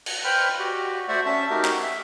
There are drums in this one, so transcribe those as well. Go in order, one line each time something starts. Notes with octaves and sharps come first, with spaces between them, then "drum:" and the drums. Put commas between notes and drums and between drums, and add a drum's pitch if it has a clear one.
drum: cymbal
B4 C5 G5 B5 F6
F#4 G4
A3 F#4 C5 D5 E5 F#5
C#4 E5 A5
A3 D#4 F#4 G4 A#4
drum: clap
E5